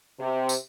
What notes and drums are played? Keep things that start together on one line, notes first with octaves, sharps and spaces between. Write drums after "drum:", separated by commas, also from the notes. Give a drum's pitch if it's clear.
C3
drum: tambourine